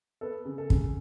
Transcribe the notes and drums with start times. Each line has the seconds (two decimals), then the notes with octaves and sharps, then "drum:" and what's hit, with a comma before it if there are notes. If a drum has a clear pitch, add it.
0.21 B3 A4
0.45 C#3
0.58 A4
0.70 C#3, drum: kick